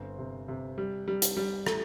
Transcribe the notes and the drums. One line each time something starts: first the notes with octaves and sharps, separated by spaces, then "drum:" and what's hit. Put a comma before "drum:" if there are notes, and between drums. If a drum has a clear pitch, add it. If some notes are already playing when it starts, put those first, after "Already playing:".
Already playing: G1 C4
C3
C3
G3
G3
drum: hi-hat
G3
A3, drum: rim click